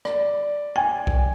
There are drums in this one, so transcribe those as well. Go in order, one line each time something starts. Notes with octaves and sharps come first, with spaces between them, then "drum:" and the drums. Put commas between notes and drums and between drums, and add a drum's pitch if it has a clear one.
D5, drum: rim click
G5 G#5
drum: kick